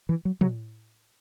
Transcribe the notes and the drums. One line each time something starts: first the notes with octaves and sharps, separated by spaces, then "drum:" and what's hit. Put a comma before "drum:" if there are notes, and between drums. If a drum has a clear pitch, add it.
E3
F#3
F#3, drum: tom